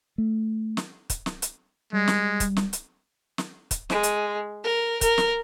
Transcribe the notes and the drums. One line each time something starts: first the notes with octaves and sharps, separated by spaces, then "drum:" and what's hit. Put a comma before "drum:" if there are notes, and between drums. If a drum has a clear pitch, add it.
A3
drum: snare
drum: kick, hi-hat
drum: snare
drum: hi-hat
G3 G#3
drum: snare
drum: kick, hi-hat
drum: snare
drum: hi-hat
drum: snare
drum: kick, hi-hat
G#3, drum: snare
drum: hi-hat
A#4
A#4, drum: kick, hi-hat
drum: snare